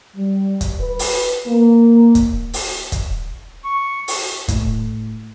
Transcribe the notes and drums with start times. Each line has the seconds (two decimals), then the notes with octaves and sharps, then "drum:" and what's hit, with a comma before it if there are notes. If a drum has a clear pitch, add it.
0.15 G3
0.61 drum: kick, hi-hat
0.80 B4
0.99 drum: open hi-hat
1.47 A#3
2.15 drum: kick, hi-hat
2.53 drum: open hi-hat
2.92 drum: kick, hi-hat
3.64 C#6
4.08 drum: open hi-hat
4.48 A2, drum: kick, hi-hat